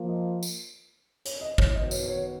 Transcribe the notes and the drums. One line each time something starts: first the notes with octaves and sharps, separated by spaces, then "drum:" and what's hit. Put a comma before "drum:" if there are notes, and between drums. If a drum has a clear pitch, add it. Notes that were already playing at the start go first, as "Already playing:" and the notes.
Already playing: F3 A#3 F4
D#5
drum: tambourine
C#5, drum: hi-hat
D#5
C#5, drum: kick G#1
D#3 F#3 B3 F#4 D#5
C#5, drum: tambourine
C#5